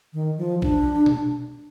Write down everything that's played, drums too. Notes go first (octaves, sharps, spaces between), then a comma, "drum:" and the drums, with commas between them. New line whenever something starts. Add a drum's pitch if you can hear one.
D#3
F3
D4, drum: kick A#1
drum: tom B2